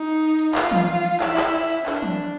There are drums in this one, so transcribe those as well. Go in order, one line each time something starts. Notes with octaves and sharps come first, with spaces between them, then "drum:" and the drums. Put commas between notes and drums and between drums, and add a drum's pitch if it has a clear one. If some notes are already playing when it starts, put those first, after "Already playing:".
Already playing: D#4
drum: hi-hat
F4, drum: clap
drum: tom E3
drum: hi-hat
E4, drum: clap
drum: clap
drum: hi-hat
D4, drum: clap
drum: tom